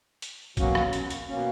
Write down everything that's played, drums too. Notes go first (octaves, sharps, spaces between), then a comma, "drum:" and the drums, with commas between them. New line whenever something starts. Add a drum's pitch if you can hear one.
drum: hi-hat
B2 F#3 A#3 C#4 F#4, drum: kick, hi-hat
drum: rim click
drum: hi-hat
drum: hi-hat
B2 A#3 C#4